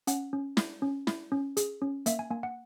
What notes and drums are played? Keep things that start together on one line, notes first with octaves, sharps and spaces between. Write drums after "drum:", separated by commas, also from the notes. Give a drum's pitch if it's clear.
C#4 F#5, drum: hi-hat
C#4
E4, drum: snare
C#4
E4, drum: snare
C#4
G#4, drum: hi-hat
C#4
A#3 E5, drum: hi-hat
G#5
A#3 G#5
F#5